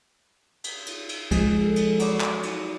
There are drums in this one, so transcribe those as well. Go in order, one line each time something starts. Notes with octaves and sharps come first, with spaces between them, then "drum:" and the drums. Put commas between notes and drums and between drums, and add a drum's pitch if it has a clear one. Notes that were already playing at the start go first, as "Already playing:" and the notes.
drum: cymbal
drum: cymbal
drum: cymbal
F3 G#3 G#4, drum: kick, cymbal
A4
drum: cymbal
F#3 D5 B5, drum: cymbal
drum: clap
drum: cymbal